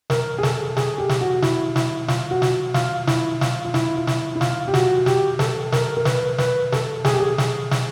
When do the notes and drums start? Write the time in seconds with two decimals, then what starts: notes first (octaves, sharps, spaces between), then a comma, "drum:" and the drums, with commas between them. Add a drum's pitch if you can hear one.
0.10 A#4, drum: snare
0.39 G#4
0.43 A4, drum: snare
0.77 G#4, drum: snare
0.98 G4
1.09 drum: snare
1.21 F#4
1.42 E4, drum: snare
1.76 E4, drum: snare
2.08 F4, drum: snare
2.31 F#4
2.42 drum: snare
2.74 F4, drum: snare
3.07 E4, drum: snare
3.41 F4, drum: snare
3.65 F4
3.74 E4, drum: snare
3.96 F4
4.07 E4, drum: snare
4.35 E4
4.41 F4, drum: snare
4.68 G4
4.74 F#4, drum: snare
5.06 G4, drum: snare
5.39 A4, drum: snare
5.72 A#4, drum: snare
5.97 A#4
6.05 B4, drum: snare
6.38 B4, drum: snare
6.72 A4, drum: snare
7.05 G#4, drum: snare
7.13 G4
7.20 G#4
7.38 drum: snare
7.71 drum: snare